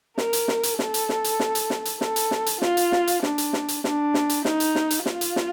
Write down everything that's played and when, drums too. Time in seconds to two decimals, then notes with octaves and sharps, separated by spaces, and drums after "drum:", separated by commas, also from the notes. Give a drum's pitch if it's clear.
0.18 A#4, drum: snare
0.33 drum: hi-hat
0.48 drum: snare
0.63 drum: hi-hat
0.79 A4, drum: snare
0.94 drum: hi-hat
1.09 drum: snare
1.24 drum: hi-hat
1.40 drum: snare
1.55 drum: hi-hat
1.70 drum: snare
1.85 drum: hi-hat
2.01 A4, drum: snare
2.16 drum: hi-hat
2.31 drum: snare
2.46 drum: hi-hat
2.62 F4, drum: snare
2.77 drum: hi-hat
2.92 drum: snare
3.07 drum: hi-hat
3.23 D4, drum: snare
3.38 drum: hi-hat
3.53 drum: snare
3.68 drum: hi-hat
3.84 D4, drum: snare
4.14 drum: snare
4.29 drum: hi-hat
4.45 D#4, drum: snare
4.60 drum: hi-hat
4.75 drum: snare
4.90 drum: hi-hat
5.06 F4, drum: snare
5.21 drum: hi-hat
5.36 drum: snare